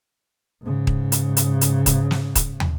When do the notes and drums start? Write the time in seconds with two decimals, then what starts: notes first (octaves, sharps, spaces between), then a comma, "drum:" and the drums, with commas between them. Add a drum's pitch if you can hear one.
0.62 G#2 C#3
0.87 drum: kick D#1
1.12 drum: hi-hat
1.37 drum: hi-hat
1.61 drum: hi-hat
1.86 drum: kick D#1, hi-hat
2.11 drum: snare
2.35 drum: kick D#1, hi-hat
2.60 drum: tom